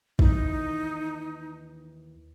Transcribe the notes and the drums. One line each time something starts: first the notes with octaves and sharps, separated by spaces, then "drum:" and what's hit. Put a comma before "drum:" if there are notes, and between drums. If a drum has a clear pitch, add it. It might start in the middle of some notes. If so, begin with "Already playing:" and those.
D#2 E3 D#4, drum: kick